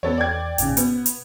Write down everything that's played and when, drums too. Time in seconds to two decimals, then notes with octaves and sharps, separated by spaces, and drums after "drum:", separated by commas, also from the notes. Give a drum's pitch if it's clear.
0.03 E2 B3 A4 C#5
0.18 D5 G5 G#6
0.58 G#1 A#2 C#3, drum: hi-hat
0.77 B2 B3, drum: hi-hat
1.06 drum: hi-hat